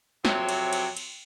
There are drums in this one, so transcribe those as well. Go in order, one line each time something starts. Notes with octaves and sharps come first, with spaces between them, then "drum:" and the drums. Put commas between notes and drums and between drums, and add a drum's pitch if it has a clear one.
F2 C3 F#3 C4 C#5 E5, drum: snare
drum: cymbal
drum: cymbal
drum: cymbal